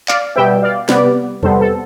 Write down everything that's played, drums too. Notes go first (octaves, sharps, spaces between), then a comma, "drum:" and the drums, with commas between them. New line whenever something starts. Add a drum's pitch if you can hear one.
D5 F5, drum: clap
B2 G3 B3 E5 G5
D5 F5
C3 G3 B3 B4 D5, drum: snare
C3 G3 B3 A4 C5, drum: tom E2
A4